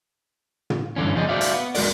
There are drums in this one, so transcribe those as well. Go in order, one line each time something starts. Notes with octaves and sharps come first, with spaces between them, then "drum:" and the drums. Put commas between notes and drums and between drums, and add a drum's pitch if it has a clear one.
drum: tom
G2 D3 E3 C#4
E2 C3 F3 G3 G#4 D#5
F#4 C5 D5 E5 F5
drum: hi-hat
B3
C#2 G#3 F#4 A#4 D5, drum: open hi-hat